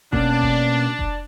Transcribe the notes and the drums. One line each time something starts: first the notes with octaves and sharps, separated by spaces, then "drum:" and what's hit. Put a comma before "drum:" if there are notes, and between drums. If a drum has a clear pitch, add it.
B2 A#3 C#4 D4, drum: kick F1
drum: kick F1
drum: kick F1